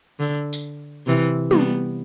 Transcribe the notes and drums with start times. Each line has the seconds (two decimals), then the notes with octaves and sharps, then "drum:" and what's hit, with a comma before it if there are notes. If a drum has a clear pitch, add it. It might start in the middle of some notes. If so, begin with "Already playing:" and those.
0.20 D3
0.53 drum: tambourine
1.07 C3 E3
1.51 G3 B3, drum: tom